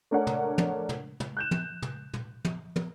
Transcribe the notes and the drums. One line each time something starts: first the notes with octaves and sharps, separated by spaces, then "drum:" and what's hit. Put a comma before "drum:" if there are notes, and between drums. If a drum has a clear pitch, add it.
A3 D4 A#4 C#5 F#5
drum: tom
drum: tom
drum: tom
drum: tom
F#6 G6 E7
drum: tom
drum: tom
drum: tom
drum: tom
drum: tom